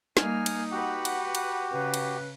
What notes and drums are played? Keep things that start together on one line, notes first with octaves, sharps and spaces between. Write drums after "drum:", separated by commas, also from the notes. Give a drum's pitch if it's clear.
G3 A#3 D#4 G#5 F6, drum: snare
drum: cymbal
F#4 G4 B4 F#5
drum: cymbal
drum: cymbal
C#3 B4
drum: cymbal